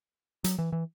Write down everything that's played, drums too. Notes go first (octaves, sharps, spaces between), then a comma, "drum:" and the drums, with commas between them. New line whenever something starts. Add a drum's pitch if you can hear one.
F#3, drum: hi-hat
E3
E3